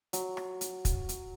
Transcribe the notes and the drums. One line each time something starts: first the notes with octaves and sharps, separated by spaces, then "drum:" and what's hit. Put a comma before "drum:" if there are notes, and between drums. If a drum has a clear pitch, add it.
F#3, drum: hi-hat
drum: rim click
drum: hi-hat
drum: kick, hi-hat
drum: hi-hat